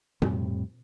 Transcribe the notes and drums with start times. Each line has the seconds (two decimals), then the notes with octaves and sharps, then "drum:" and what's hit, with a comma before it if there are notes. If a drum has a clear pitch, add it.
0.22 F2 A2 G3 C4, drum: tom B2